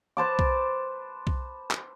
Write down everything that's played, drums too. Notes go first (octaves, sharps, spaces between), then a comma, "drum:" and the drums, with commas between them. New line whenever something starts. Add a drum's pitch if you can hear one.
B4 C5 A5 D6
drum: kick B1
drum: kick B1
drum: clap